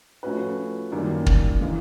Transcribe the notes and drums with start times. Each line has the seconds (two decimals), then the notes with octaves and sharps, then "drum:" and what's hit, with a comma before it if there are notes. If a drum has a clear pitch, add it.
0.23 F3 A3 C#4 F#4 B4
0.92 F#2 D#3 G3 A#3
1.26 drum: kick
1.61 C#3 E3 G#3